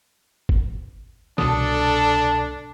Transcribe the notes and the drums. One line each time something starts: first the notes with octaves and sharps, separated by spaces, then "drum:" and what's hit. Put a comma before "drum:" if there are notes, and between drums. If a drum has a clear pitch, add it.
drum: kick G1
C2 B2 D4 A4 D#6, drum: snare